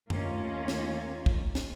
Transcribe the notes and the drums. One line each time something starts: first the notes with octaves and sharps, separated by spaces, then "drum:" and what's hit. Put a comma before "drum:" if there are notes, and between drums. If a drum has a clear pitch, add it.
D#2 D#3 A3 A#3 C#4 F4, drum: tom F#2
drum: snare
drum: kick
drum: snare